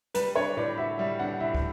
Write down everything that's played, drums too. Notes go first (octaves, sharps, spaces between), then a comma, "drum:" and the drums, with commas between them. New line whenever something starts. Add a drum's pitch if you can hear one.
G3 B4, drum: hi-hat
D4 C#5
A2 D5
F#4 E5
G3 E5
D4 F#5
A2 E5
drum: kick